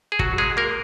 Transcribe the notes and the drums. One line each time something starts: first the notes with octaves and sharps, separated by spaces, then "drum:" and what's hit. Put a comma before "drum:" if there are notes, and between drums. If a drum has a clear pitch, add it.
G#4
F#3 F#4, drum: kick
G#3 G#4
A#3 A#4